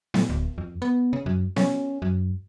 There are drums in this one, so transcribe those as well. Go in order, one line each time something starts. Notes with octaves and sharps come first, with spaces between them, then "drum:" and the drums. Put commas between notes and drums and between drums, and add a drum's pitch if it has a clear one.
A2, drum: snare B3
D1
F2
B3
C#3
F#2
C#4, drum: snare B3
F#2